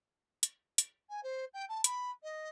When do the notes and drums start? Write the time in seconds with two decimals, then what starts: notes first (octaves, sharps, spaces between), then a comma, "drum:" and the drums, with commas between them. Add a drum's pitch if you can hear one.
0.43 drum: hi-hat
0.78 drum: hi-hat
1.09 G#5
1.23 C5
1.54 G5
1.69 A5
1.84 B5, drum: hi-hat
2.23 D#5